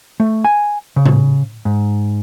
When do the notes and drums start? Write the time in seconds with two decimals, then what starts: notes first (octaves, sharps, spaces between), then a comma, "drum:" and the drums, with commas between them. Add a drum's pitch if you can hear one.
0.20 A3
0.44 G#5
0.96 C#3
1.06 drum: tom A2
1.65 G#2